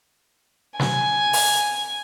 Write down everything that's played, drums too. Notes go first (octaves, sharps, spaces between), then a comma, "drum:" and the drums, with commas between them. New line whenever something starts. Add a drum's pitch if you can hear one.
G#5, drum: snare
drum: open hi-hat